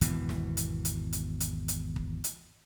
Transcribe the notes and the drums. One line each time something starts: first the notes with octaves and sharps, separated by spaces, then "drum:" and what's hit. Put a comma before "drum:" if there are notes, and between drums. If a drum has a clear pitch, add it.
G#1 E2 B2 E3, drum: hi-hat
drum: snare
drum: hi-hat
drum: hi-hat
drum: hi-hat
drum: hi-hat
drum: hi-hat
drum: kick
drum: hi-hat